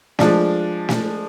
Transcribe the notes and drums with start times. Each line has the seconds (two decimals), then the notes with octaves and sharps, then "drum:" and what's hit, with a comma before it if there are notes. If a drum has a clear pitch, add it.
0.19 F3 G#3 D4, drum: snare
0.89 drum: snare